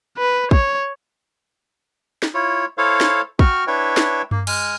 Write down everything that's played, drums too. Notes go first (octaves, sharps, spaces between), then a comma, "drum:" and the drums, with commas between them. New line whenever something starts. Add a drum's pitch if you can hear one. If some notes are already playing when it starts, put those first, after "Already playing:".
B4
C#5, drum: kick
drum: snare
E4 F4 C#5
E4 A4 C5 C#5 F5
drum: snare
F#4 G5 C#6 F6, drum: kick
D4 E4 B4 C#5 E5 G5
drum: snare
A#3, drum: tom G2
G#3 G#5 F6, drum: cymbal